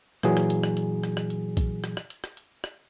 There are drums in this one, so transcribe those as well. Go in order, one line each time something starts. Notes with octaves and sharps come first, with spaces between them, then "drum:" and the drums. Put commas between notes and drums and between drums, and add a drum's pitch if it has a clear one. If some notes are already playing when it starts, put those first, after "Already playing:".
A#2 E3 F#3 G#4, drum: rim click
drum: rim click
drum: hi-hat
drum: rim click
drum: hi-hat
drum: rim click
drum: rim click
drum: hi-hat
drum: kick B1, hi-hat
drum: rim click
drum: rim click
drum: hi-hat
drum: rim click
drum: hi-hat
drum: rim click